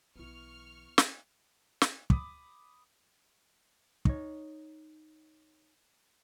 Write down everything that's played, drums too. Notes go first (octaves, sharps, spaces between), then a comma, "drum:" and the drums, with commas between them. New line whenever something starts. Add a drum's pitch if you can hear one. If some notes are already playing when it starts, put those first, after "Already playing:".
B1 E3 B3 E4 C#6 F6
drum: snare
drum: snare
B5 D6 D#6, drum: kick
D#4 C#5, drum: kick